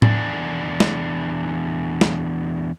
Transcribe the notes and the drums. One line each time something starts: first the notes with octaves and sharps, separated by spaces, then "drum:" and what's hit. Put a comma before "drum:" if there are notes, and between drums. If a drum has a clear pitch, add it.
E2 D4, drum: tom A2
drum: snare
drum: snare